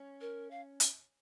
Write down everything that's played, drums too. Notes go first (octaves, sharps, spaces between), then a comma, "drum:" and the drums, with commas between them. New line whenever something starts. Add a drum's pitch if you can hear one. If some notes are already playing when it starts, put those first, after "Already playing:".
Already playing: C#4
A#4
F5
drum: hi-hat